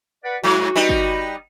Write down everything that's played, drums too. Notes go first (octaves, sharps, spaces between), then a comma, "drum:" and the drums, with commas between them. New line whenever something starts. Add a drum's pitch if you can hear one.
B4 D5 F#5
G#2 F#3 F#4
G3 B3 D#4
drum: kick